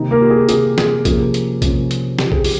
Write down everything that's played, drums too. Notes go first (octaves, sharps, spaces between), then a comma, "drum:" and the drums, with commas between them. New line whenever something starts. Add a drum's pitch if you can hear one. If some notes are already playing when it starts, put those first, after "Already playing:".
Already playing: C3 D#3 A#3 D#4
A#3 A#4
G4
G#4
C3 D#3 A#3 D#4 G#4, drum: hi-hat
G#4, drum: snare
C3 F3 A#3 C#4 G#4, drum: kick A#1, hi-hat
drum: hi-hat
C3 F3 A#3 C#4, drum: kick A#1, hi-hat
drum: hi-hat
C#3 F3 C4 D#4 G4, drum: snare
G#4, drum: kick A#1
G4, drum: open hi-hat